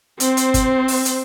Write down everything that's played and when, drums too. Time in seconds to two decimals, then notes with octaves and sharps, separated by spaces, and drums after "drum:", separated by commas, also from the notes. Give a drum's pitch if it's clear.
0.20 C4 C5, drum: hi-hat
0.37 drum: hi-hat
0.54 drum: kick G1, hi-hat
0.88 drum: open hi-hat
1.05 drum: hi-hat